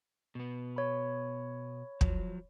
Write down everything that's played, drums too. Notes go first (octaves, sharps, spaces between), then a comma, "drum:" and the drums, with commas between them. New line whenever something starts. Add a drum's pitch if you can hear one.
B2 B3
C#5 B5
F3 F#3, drum: kick